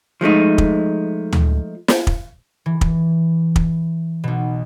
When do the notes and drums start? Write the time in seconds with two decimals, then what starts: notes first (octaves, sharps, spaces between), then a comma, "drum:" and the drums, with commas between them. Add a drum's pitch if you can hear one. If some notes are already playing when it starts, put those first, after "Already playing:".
0.21 F3 G#3 A3 D#4
0.58 drum: kick
1.33 drum: tom D2
1.88 drum: snare
2.07 drum: kick
2.66 E3
2.81 drum: kick
3.56 drum: kick
4.24 B1 B2